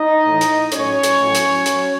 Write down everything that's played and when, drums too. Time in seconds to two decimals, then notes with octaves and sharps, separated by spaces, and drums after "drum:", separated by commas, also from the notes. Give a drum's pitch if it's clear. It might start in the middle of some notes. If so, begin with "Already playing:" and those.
Already playing: D#4 D#5
0.25 A2 E3
0.41 drum: hi-hat
0.72 A2 F#3 C#4 C#5, drum: hi-hat
1.03 drum: hi-hat
1.19 A2 F#3
1.35 drum: hi-hat
1.66 F#3, drum: hi-hat